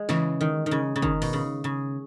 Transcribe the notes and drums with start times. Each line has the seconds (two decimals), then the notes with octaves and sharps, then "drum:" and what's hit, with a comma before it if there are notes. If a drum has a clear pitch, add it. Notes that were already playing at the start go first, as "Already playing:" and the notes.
Already playing: G#3
0.09 C#3 E3, drum: snare
0.41 D#3
0.66 D#3
0.71 C#3
0.96 C#3
1.02 D#3, drum: kick G1
1.22 B2, drum: open hi-hat
1.33 C#3
1.64 C#3